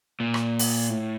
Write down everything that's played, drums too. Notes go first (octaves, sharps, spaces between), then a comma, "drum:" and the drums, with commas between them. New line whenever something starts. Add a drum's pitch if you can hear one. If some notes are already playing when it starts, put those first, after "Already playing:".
A#2
drum: rim click
drum: open hi-hat
A2